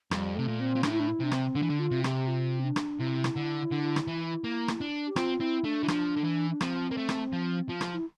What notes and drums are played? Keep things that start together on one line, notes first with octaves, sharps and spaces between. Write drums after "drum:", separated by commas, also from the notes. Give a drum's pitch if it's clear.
F2 G3, drum: rim click
C3 A3
A#2
C4
A#2
A2 D4, drum: rim click
E4
D4
E4
C3 D4
C4, drum: rim click
D3 D4
E3
D3
F4
C3
G4, drum: rim click
F4
C4
D4
drum: rim click
C3 E4
drum: rim click
D3
D3
drum: rim click
E3
A#3
drum: rim click
D4
G4
C4 F4, drum: rim click
C4 E4
A3 D4
E3
F3, drum: rim click
D3
E3
D4
F3 C4, drum: rim click
A#3
A3
drum: rim click
F3
F3
drum: rim click
E4